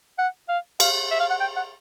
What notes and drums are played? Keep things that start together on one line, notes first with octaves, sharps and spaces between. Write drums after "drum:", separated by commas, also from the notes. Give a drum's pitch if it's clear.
F#5
F5
F5, drum: cymbal
E5
F5
F#5
G5
F#5